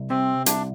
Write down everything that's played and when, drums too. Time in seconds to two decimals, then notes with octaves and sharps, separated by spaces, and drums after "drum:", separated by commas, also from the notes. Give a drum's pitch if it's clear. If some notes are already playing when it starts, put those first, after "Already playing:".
Already playing: C2
0.10 C3 C4
0.46 C2 D4, drum: hi-hat